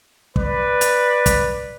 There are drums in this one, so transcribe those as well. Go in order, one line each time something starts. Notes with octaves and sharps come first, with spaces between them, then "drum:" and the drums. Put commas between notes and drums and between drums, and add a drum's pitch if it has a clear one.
B4 D5, drum: kick
drum: hi-hat
drum: kick, hi-hat